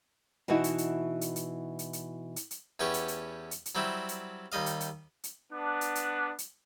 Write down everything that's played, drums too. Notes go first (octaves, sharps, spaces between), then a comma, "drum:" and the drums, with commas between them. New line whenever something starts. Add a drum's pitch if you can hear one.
B2 E3 D#4 E4 F#4
drum: hi-hat
drum: hi-hat
drum: hi-hat
drum: hi-hat
drum: hi-hat
drum: hi-hat
drum: hi-hat
drum: hi-hat
E2 B3 C#4 G4 C#6
drum: hi-hat
drum: hi-hat
drum: hi-hat
drum: hi-hat
F#3 G3 C4 E4
drum: hi-hat
D#2 G3 D#5 F5
drum: hi-hat
drum: hi-hat
drum: hi-hat
B3 D4
drum: hi-hat
drum: hi-hat
drum: hi-hat